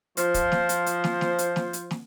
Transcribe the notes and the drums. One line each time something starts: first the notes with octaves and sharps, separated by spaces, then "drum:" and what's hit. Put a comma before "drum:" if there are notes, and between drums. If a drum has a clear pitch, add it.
F3 C5, drum: hi-hat
drum: kick, hi-hat
drum: snare
drum: hi-hat
drum: hi-hat
drum: snare
drum: snare
drum: hi-hat
drum: snare
drum: hi-hat
drum: snare